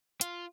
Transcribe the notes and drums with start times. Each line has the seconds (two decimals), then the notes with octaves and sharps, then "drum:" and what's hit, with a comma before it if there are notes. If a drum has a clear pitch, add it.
0.21 F4, drum: hi-hat